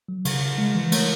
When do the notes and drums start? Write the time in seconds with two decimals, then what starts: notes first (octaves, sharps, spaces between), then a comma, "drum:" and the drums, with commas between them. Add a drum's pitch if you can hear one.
0.08 F#3
0.25 C#3, drum: cymbal
0.41 C#3
0.58 G#3
0.75 E3
0.92 A3, drum: cymbal